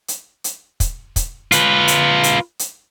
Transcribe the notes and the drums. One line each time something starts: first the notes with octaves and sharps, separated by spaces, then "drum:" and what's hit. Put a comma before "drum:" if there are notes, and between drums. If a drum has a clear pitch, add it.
drum: hi-hat
drum: hi-hat
drum: kick, hi-hat
drum: kick, hi-hat
F4 B4, drum: hi-hat
drum: hi-hat
drum: hi-hat
drum: hi-hat